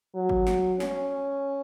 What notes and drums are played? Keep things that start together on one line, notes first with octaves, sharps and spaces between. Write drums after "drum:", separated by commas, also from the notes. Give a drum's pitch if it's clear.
F#3
drum: kick G1
drum: snare
C#4, drum: snare